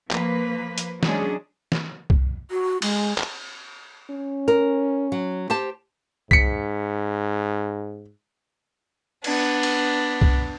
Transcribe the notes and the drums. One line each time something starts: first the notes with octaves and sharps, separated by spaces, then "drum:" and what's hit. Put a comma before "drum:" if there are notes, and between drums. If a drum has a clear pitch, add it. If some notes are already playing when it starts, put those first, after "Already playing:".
F3 A#3 B4, drum: clap
drum: hi-hat
F#3 G#3 C#4 D4 G#4, drum: snare
drum: snare
drum: kick C2
F#4
G#3, drum: cymbal
drum: clap
C#4
A#4
F#3
G4 C5 A5
G#2 B6 C#7, drum: kick C2
B3 D4, drum: cymbal
drum: cymbal
drum: kick C2